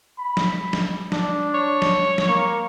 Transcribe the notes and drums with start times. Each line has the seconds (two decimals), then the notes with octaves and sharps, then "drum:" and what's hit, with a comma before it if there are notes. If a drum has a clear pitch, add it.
0.19 B5
0.37 drum: snare
0.73 drum: snare
1.12 D4, drum: snare
1.54 C#5
1.82 drum: snare
2.18 drum: snare
2.28 A#3